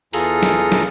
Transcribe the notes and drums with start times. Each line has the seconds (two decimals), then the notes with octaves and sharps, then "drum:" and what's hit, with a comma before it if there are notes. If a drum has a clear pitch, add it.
0.13 E2 F4 G#4 A4 A#5, drum: hi-hat
0.43 drum: snare
0.72 drum: snare